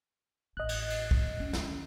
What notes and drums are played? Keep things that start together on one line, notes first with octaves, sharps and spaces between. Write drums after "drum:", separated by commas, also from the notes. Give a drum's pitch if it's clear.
A1 D#5 F#6
drum: cymbal
drum: cymbal
drum: kick
C#4
D#3 C#4, drum: snare